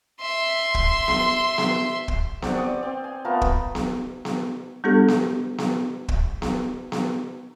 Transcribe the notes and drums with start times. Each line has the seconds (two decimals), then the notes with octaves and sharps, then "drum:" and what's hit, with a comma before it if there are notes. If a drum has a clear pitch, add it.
0.20 E5 C6
0.75 drum: kick
1.08 drum: snare B3
1.58 drum: snare B3
2.08 drum: kick
2.42 C4 D5 F#5 C#6, drum: snare B3
2.58 D5 D#6
2.83 C4
3.04 G#5
3.25 A3 B3 F4 A#4
3.41 drum: kick
3.75 drum: snare B3
4.25 drum: snare B3
4.84 G3 B3 D4 G4 A4
5.08 drum: snare B3
5.58 drum: snare B3
6.08 drum: kick
6.42 drum: snare B3
6.92 drum: snare B3